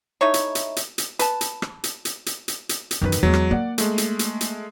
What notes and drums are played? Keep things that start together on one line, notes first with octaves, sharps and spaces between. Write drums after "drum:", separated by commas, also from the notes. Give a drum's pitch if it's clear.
A3 D#4 E4 C#5
drum: hi-hat
drum: hi-hat
drum: hi-hat
drum: hi-hat
B4 A5, drum: hi-hat
drum: hi-hat
drum: rim click
drum: hi-hat
drum: hi-hat
drum: hi-hat
drum: hi-hat
drum: hi-hat
drum: hi-hat
F#2 D#3 E3 B4
drum: hi-hat
E2 F#3 G#3
drum: rim click
A#3 D5 F#5
G#3 A3, drum: hi-hat
drum: hi-hat
drum: hi-hat
drum: hi-hat